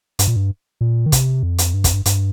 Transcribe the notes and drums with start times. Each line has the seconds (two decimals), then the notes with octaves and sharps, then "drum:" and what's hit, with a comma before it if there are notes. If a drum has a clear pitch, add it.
0.19 G2, drum: hi-hat
0.27 A#2
0.36 G2
0.81 A#2
1.06 D#3
1.12 C3, drum: kick, hi-hat
1.43 F2
1.58 drum: hi-hat
1.74 G2
1.84 F2, drum: kick, hi-hat
1.93 G2
2.06 G2, drum: hi-hat